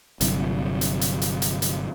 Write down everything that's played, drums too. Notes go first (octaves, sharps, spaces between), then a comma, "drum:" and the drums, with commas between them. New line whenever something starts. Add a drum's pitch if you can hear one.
G1 C3 F#3, drum: hi-hat
drum: hi-hat
drum: hi-hat
drum: hi-hat
drum: hi-hat
drum: hi-hat